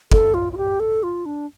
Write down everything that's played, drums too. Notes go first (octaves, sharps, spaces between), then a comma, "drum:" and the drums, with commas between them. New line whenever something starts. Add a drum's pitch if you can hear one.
A4, drum: kick
F4
F4
G4
A4
F4
D4